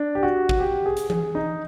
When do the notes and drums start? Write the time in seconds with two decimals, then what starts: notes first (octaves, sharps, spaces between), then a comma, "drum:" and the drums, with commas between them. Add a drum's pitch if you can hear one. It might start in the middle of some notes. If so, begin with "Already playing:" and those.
Already playing: D4
0.15 G4
0.23 F#4
0.49 drum: kick
0.60 G4
0.86 G#4
0.97 drum: hi-hat
1.10 G#4, drum: tom E3
1.35 D#4